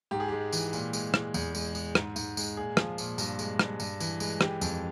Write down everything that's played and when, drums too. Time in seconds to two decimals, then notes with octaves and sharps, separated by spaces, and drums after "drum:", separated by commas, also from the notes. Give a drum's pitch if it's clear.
0.11 G#2 G4
0.20 G#4
0.28 G#3 G4
0.52 E3, drum: tambourine
0.73 A#2, drum: tambourine
0.93 G#3, drum: tambourine
1.14 G#3, drum: rim click
1.34 E2, drum: tambourine
1.55 G#3, drum: tambourine
1.75 G#3, drum: tambourine
1.95 G#2, drum: rim click
2.16 G#2, drum: tambourine
2.37 G#3, drum: tambourine
2.57 A#2 G#4
2.77 F3, drum: rim click
2.98 A#2, drum: tambourine
3.18 G2, drum: tambourine
3.39 G#3, drum: tambourine
3.59 G2, drum: rim click
3.80 G2, drum: tambourine
4.00 E3, drum: tambourine
4.20 G#3, drum: tambourine
4.41 E3 G4, drum: rim click
4.61 F2, drum: tambourine